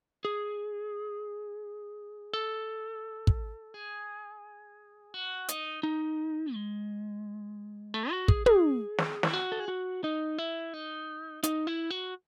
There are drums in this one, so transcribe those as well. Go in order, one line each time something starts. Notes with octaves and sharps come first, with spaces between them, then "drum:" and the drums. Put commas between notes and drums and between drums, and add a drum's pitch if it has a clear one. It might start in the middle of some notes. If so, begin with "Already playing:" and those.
G#4
A4
drum: kick
G#4
F#4
D#4, drum: hi-hat
D#4
G#3
A3
F#4
G#4, drum: kick
G#4, drum: tom
drum: snare
E4, drum: snare
F#4
A4
G#4
F#4
D#4
E4
D#4
D#4, drum: hi-hat
E4
F#4